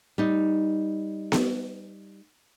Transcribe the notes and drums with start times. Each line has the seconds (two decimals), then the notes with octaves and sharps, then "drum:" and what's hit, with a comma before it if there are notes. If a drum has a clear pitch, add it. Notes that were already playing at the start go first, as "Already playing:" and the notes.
0.18 G3 D#4
1.32 drum: snare B3